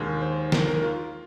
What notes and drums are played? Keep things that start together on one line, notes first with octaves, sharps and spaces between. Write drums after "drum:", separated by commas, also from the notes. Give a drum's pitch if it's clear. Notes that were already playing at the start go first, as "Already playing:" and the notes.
Already playing: D#2 D#3 G#3
C5
A#4, drum: snare
A#4
F4